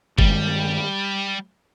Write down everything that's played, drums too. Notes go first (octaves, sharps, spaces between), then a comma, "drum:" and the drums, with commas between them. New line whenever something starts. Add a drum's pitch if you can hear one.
G2 D#3 G3 G#3, drum: kick G1